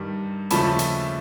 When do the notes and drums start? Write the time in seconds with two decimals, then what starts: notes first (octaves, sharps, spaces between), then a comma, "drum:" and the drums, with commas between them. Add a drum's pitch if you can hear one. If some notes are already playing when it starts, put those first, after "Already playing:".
Already playing: G2 D#3 G3
0.50 D#2 C#3 F3 A3 A5 B5, drum: hi-hat
0.79 drum: hi-hat